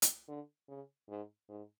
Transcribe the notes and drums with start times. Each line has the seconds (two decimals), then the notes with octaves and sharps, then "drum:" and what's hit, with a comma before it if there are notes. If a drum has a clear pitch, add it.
0.02 drum: hi-hat
0.28 D3
0.69 C#3
1.09 G#2
1.49 G#2